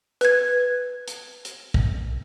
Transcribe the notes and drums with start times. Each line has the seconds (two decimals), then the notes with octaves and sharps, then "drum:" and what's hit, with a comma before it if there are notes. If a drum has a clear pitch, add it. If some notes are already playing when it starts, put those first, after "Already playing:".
0.21 B4 G#6, drum: hi-hat
1.08 drum: hi-hat
1.45 drum: hi-hat
1.74 drum: kick